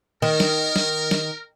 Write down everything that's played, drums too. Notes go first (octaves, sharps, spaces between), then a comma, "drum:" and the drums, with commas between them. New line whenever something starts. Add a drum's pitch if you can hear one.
D#3 A#4
drum: snare
drum: snare
drum: snare